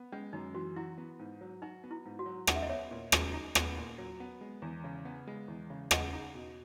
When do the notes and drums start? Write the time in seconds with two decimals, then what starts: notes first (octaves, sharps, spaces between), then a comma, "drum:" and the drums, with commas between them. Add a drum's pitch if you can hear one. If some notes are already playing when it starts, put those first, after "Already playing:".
Already playing: B3
0.12 G#3 C#4
0.33 F#2 D#4
0.54 E3 F#4
0.76 E4 F#4
0.98 B3
1.19 G#2
1.41 F#3
1.62 D#4 F#4
1.84 B3
1.91 E4
2.05 G#2
2.19 F#4
2.26 F#3
2.47 D#4 F#5, drum: rim click
2.55 E5
2.62 D#5
2.69 B3 C#5 E5
2.91 A#2
3.12 F#3, drum: rim click
3.33 D#4
3.55 B3, drum: rim click
3.77 A#2
3.98 F#3
4.20 B3
4.41 G#3
4.62 E2
4.84 C#3
5.05 B3
5.27 G#3
5.48 E2
5.70 C#3
5.91 G#4 D#5 F#5, drum: rim click
6.13 D#4
6.34 B2